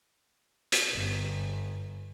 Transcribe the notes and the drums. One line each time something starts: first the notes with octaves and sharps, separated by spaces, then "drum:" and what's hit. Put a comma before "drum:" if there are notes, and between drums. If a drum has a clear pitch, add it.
drum: hi-hat
G1